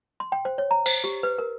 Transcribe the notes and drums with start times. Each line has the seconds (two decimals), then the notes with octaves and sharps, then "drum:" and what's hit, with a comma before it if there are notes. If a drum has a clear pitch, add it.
0.20 C6
0.32 G5
0.45 C5
0.58 C#5
0.71 A#5
0.86 C5, drum: tambourine
1.04 G4
1.23 B4
1.38 A#4